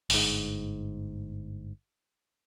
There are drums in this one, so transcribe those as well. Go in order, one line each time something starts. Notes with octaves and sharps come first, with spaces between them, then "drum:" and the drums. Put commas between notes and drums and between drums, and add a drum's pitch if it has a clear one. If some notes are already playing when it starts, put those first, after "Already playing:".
G1 G#2, drum: open hi-hat